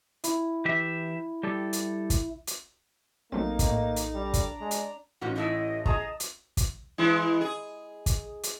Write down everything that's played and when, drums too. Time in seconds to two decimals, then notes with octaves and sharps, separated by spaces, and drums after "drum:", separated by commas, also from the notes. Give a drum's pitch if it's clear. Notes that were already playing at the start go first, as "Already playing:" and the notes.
0.24 E4, drum: hi-hat
0.65 E3 G4 E5
1.43 G3 G4 A4
1.73 drum: hi-hat
2.10 drum: kick, hi-hat
2.47 drum: hi-hat
3.32 A#1 F#3 A3 A#3 C4 D#4 A4
3.59 drum: kick, hi-hat
3.69 A2
3.96 drum: hi-hat
4.14 G3 D4 A#5
4.34 drum: kick, hi-hat
4.61 G#3
4.71 drum: hi-hat
5.21 A1 D#3 C#4 F#4
5.36 E3 A3 E4 D#5
5.86 G#4 D#5 A5 A#5 D#6, drum: kick
6.20 drum: hi-hat
6.57 drum: kick, hi-hat
6.98 E3 G#3 E4
7.41 G#4
8.06 drum: kick, hi-hat
8.43 drum: hi-hat